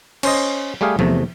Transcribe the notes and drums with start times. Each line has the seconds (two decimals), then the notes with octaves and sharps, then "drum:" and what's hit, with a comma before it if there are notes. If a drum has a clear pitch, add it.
0.23 C#4 C5 D#5, drum: cymbal
0.81 G3 A3 G4 G#4 F5
0.99 E2 C3 A3, drum: tom F3